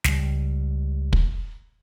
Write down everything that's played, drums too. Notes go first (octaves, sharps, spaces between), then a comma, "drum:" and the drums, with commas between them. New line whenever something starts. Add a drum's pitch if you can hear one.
C#2 G3, drum: snare
drum: kick